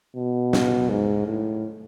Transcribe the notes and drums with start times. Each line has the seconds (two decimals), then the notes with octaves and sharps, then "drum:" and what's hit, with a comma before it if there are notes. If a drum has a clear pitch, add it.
0.16 B2
0.53 drum: snare
0.90 G#2
1.27 A2